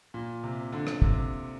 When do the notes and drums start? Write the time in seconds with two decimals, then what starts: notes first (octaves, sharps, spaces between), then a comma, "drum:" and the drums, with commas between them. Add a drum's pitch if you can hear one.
0.14 A#2
0.43 C3
0.72 D3
0.87 drum: rim click
1.02 C3, drum: kick